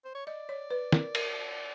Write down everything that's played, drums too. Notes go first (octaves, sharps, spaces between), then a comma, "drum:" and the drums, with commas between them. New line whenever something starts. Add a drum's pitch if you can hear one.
C5
C#5
D5 D#5
C#5
B4
A#4, drum: snare
A#4, drum: cymbal